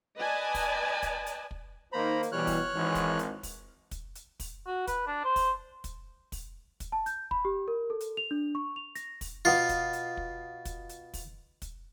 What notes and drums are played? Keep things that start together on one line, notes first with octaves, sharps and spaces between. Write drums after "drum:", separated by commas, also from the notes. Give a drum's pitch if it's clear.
B4 D5 D#5 G#5 A5
drum: kick, open hi-hat
drum: kick, hi-hat
drum: hi-hat
drum: kick
D#3 A#3 D#4 C5 A#5 B5
drum: hi-hat
B2 E3 G3 C#5 F6 F#6
drum: kick, open hi-hat
G#1 E3
drum: kick, hi-hat
drum: hi-hat
drum: kick, open hi-hat
drum: kick, hi-hat
drum: hi-hat
drum: kick, open hi-hat
F#4
B4, drum: kick, hi-hat
D4
C5
drum: kick, open hi-hat
drum: kick, hi-hat
drum: kick, open hi-hat
drum: kick, hi-hat
A5
G6, drum: hi-hat
B5, drum: kick
G4
A#4
A4
drum: hi-hat
F7
D4
C#6
F7
A#6, drum: hi-hat
drum: kick, open hi-hat
B2 F4
drum: kick, hi-hat
drum: hi-hat
drum: kick
drum: kick, hi-hat
drum: hi-hat
drum: kick, open hi-hat
drum: kick, hi-hat